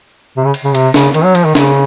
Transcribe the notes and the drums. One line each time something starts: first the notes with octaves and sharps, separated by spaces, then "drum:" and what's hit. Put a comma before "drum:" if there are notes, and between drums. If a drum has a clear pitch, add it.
C3
C#3
drum: cymbal
C#3
C3, drum: cymbal
C#3, drum: snare
D#3, drum: cymbal
F#3
F3, drum: cymbal
D#3
C#3, drum: snare